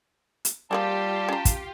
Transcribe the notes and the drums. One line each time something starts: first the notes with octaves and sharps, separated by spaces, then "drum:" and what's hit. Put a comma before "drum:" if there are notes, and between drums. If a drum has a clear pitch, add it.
drum: hi-hat
F3 G3 A#3 F4 G4 G#4 A5
C#4 A#5
drum: kick, hi-hat